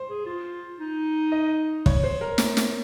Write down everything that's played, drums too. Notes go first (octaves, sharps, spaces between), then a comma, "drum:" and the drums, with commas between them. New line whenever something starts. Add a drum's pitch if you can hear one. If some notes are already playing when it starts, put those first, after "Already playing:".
Already playing: C5
G#4
F4
D#4
D#5
C#5, drum: kick
C5
A#4
C#4, drum: snare
A#3, drum: snare